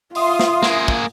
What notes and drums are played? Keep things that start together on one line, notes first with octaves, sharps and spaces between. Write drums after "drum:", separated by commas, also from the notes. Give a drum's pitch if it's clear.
F4 E5 C6 D#6, drum: open hi-hat
drum: snare
A#3 G#4, drum: snare
drum: kick